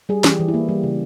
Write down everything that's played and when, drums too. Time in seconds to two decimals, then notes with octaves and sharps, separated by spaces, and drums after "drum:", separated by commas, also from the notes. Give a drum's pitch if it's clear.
0.09 G3 G#4
0.24 E3 G4, drum: snare
0.39 E3
0.48 E4
0.54 A#3
0.69 G3
0.83 C#3